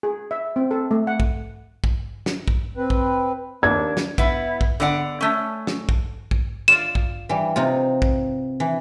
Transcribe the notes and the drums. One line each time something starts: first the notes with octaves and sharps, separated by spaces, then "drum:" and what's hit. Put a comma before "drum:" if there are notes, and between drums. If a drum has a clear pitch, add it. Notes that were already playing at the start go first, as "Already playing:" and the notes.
G#4
E5
C4
A4
A3
F#5
drum: kick
drum: kick
drum: snare
drum: kick
C4 B4
drum: kick
D#2 A#3 D4 G#6
drum: snare
B3 E4, drum: kick
drum: kick
D3 B3 D5 F#5
A3 C#4
drum: snare
drum: kick
drum: kick
F4 D5 F5 E7
drum: kick
E3 G3
C3 D#4 F4
drum: kick
E3